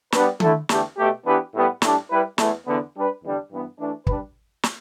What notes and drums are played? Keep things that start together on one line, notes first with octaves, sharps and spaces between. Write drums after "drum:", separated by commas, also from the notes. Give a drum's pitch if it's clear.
G3 B3 D4 B4, drum: snare
D3 A3 E4 A4, drum: tom D#3
E2 D3 A3 G4, drum: snare
B2 A3 G4
E3 B3 D4 G4 B4
A2 G3 B3 G4
A2 G3 D4 G4, drum: snare
G3 E4 B4
E2 E3 A3, drum: snare
E2 D3 B3
G3 D4 B4
E2 D3 G3 D4
G2 E3 B3
E3 A3 D4
G3 D4 B4, drum: kick
drum: snare